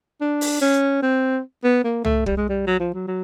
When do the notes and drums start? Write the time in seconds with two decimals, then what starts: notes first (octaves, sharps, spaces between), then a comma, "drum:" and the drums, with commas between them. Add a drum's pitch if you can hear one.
0.21 D4
0.41 drum: open hi-hat
0.61 C#4
1.02 C4
1.64 B3
1.84 A#3
2.05 A3, drum: tom C2
2.26 G3, drum: kick
2.37 G#3
2.49 G3
2.67 F#3
2.80 F3
2.94 F#3
3.08 F#3